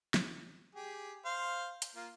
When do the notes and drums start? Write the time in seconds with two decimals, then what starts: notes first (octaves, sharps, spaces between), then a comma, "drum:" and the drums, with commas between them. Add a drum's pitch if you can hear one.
0.14 drum: snare
0.75 G4 G#4
1.25 C5 F5
1.82 drum: hi-hat
1.95 A#3 F4